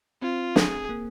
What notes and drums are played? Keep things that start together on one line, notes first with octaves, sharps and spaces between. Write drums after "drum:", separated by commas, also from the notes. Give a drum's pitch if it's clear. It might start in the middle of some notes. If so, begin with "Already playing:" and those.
C4 F4
G#4, drum: snare
A#3